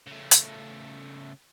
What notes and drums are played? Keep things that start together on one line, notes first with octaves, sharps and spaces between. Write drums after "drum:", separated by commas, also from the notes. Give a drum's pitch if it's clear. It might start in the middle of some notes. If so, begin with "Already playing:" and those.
C#3 A3
drum: hi-hat